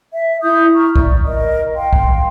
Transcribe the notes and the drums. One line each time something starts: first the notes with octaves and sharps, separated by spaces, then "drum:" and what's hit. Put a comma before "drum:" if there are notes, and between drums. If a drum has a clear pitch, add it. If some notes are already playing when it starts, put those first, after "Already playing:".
E5
E4 D#6 G6
A#5 C#6 F6
D5, drum: kick B1
A#4 D#5
F5 G5 C6
drum: kick B1